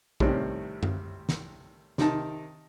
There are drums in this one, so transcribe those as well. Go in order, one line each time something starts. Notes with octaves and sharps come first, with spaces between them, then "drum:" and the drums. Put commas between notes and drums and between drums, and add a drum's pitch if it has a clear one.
A2 C3 D#3 G3 C4 C#4, drum: kick A#1
drum: tom F#2
drum: snare
C3 D#3 D#4 A5, drum: snare